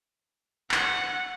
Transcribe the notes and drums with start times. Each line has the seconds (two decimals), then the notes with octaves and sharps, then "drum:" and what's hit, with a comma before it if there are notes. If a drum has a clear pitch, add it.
0.71 F#5, drum: clap